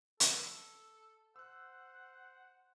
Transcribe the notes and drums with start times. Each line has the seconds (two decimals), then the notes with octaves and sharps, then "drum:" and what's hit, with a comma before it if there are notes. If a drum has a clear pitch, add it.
0.20 A4, drum: hi-hat
1.36 C5 F#5 E6 F#6